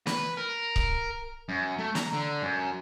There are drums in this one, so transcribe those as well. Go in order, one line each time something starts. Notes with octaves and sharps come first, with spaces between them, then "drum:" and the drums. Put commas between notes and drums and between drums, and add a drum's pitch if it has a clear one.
B4, drum: snare
A#4
drum: kick C#1
F#2
A3
A#5, drum: snare
D3
F#2